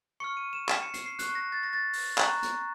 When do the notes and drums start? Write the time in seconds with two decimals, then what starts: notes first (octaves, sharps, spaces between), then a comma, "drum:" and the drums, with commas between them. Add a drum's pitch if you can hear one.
0.20 C#6 F6 C#7
0.37 D#7
0.53 E7
0.69 E7, drum: clap
0.82 C#7
0.94 C7, drum: hi-hat
1.06 C7
1.19 C#6 F#6 C7, drum: hi-hat
1.35 A#6
1.52 A6
1.63 A#6
1.73 A6
1.93 drum: open hi-hat
2.18 A#5 C#6 F#6, drum: clap
2.43 drum: hi-hat